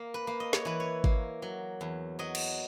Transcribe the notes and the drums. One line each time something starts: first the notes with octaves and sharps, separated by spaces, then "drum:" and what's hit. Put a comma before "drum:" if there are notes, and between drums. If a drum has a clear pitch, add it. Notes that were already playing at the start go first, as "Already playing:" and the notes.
Already playing: A#3
B4
A#3
D#5
C#5, drum: snare
E3 B4
C#5
A#3, drum: kick G#1
F#3
E2
F#3 D#5
drum: cymbal